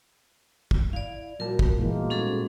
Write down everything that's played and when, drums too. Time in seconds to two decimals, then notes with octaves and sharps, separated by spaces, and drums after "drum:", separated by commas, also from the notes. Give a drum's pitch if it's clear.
0.71 drum: kick
0.93 E4 D5 F5
1.40 A#2 F#3 G3 A#4 A5
1.59 drum: kick
1.78 B2 E3 G#3 A#3
2.10 G#2 C#4 G#4 A4